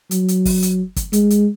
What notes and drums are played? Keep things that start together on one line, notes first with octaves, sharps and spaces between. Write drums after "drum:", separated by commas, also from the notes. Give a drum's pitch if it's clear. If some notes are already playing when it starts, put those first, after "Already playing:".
F#3, drum: hi-hat
drum: hi-hat
drum: kick, open hi-hat
drum: hi-hat
drum: kick, hi-hat
G#3, drum: hi-hat
drum: hi-hat